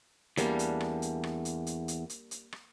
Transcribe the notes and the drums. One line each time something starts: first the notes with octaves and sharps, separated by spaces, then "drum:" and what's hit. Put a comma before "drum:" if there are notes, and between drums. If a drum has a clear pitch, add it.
E2 G3 A#3 D4, drum: hi-hat
drum: hi-hat
drum: rim click
drum: hi-hat
drum: rim click
drum: hi-hat
drum: hi-hat
drum: hi-hat
drum: hi-hat
drum: hi-hat
drum: rim click